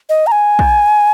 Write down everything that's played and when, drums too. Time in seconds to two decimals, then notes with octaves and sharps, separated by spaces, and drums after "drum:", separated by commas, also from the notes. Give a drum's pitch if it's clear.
0.09 D#5
0.27 A#5
0.32 G#5
0.59 drum: kick